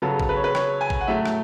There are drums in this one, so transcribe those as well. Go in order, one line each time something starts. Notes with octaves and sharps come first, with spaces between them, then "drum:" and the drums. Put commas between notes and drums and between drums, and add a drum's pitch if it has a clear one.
C#3 F#3 B3 A4
drum: kick
B4
C#5
B4
C#5, drum: rim click
G#5
drum: kick
F#5
A2 F#3 A3 E5
drum: rim click